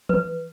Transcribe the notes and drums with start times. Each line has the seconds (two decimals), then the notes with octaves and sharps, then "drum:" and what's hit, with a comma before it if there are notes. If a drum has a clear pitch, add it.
0.09 B4, drum: tom E3